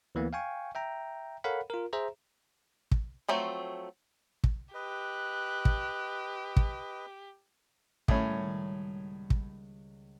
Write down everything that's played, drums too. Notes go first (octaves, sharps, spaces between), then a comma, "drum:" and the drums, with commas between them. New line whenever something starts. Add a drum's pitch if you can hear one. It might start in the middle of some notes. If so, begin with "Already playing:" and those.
D2 E3 A#3 B3
F5 G5 G#5 C#6
E5 G5 A#5
A4 A#4 C#5 F5 F#5 B5
F4 A#4
G#4 C5 E5 A#5
drum: kick
F3 F#3 A3 C4
drum: kick
G4 B4 D#5 F#6
drum: kick
drum: kick
A2 D#3 G3 A#3 C#4, drum: kick
C#2
drum: kick